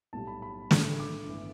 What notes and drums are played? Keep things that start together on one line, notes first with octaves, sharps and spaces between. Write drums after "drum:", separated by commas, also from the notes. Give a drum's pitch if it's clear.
B1 A2 G3 A5
B5
B5
A1 G2 D3 A3, drum: snare
D6
G1 E3 A3